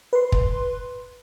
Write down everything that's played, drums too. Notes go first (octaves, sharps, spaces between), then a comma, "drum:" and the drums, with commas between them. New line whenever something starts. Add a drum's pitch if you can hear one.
B4 C6
drum: kick